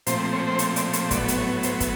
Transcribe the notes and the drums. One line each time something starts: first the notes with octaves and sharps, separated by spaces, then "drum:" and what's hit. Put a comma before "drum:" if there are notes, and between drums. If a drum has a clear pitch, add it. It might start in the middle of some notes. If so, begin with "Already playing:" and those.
A#2 F3 A3 C4 C5, drum: hi-hat
C#5
C5
C#5, drum: hi-hat
D5, drum: hi-hat
C#5, drum: hi-hat
A2 F#3 B3 D5, drum: kick, hi-hat
drum: hi-hat
C#5
C5, drum: hi-hat
drum: kick, hi-hat